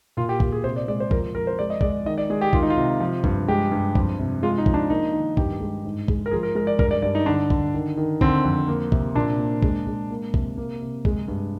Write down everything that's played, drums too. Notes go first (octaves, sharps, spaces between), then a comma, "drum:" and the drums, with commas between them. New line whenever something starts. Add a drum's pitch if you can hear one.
A#2 F4
G4
A#2 G4, drum: kick A#1
G#4
C3 C5
D5
G#3 D5
C5
F3 A#4, drum: kick A#1
F2 A#4
C5
G#3 D5
D#5
G#3 D5, drum: kick A#1
D#3 D#5
D5
G#3 G#4
G4
D#3 F4, drum: kick A#1
D#4
F4
C3
F3
G2, drum: kick A#1
G#3 G4
G2
F2, drum: kick A#1
C3
G#3 F4
D#4
F3, drum: kick A#1
D4
A#3 D#4
D#3
G2 G4, drum: kick A#1
G#3
G#2
G#3, drum: kick A#1
A#4
F3 G#4
A#4
G#3 A#4
D5
G2 A#4, drum: kick A#1
D5
G2 D5
D#4
D3 D4
D3, drum: kick A#1
D#3
D#3
D3 C4, drum: kick A#1
F2
A#3
C3, drum: kick A#1
A#2 D4
A#3
G#3, drum: kick A#1
G#3
A#3
C3, drum: kick A#1
A#3
C3
G#3, drum: kick A#1
G2